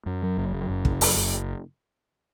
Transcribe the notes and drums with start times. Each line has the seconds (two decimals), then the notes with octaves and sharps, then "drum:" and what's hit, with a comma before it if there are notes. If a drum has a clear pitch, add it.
0.06 F#2
0.23 F#3
0.38 F#1
0.53 F#2
0.70 F#1
0.85 C#3, drum: kick
1.01 F#2, drum: open hi-hat
1.16 F#1